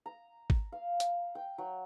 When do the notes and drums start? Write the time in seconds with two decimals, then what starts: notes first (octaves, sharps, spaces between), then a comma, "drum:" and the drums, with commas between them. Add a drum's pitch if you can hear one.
0.06 A#5
0.50 drum: kick G#1
0.72 F5
1.00 drum: hi-hat
1.35 G5
1.58 F#3